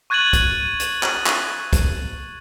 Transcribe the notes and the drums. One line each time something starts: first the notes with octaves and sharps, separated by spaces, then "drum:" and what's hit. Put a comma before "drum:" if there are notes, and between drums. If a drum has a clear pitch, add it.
C#6 F#6 G#6 A6 D#7 F#7
drum: kick, hi-hat
drum: hi-hat
drum: clap
drum: clap
drum: kick, hi-hat